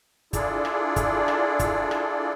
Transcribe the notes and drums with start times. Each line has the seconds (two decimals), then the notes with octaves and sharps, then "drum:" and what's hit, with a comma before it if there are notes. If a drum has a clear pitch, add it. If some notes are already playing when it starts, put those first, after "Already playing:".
0.33 D4 E4 F4 G#4 A4 D5, drum: kick, hi-hat
0.65 drum: rim click
0.96 drum: kick, hi-hat
1.28 drum: rim click
1.60 drum: kick, hi-hat
1.91 drum: rim click